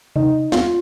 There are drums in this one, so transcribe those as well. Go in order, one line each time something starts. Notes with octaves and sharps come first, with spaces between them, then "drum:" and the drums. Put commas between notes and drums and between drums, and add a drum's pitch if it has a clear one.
D#4, drum: tom C3
F4, drum: snare